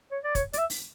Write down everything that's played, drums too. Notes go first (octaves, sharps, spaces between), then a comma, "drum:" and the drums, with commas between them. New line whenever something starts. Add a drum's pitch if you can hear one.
C#5
D5
C#5, drum: kick, hi-hat
D5, drum: hi-hat
E5
drum: open hi-hat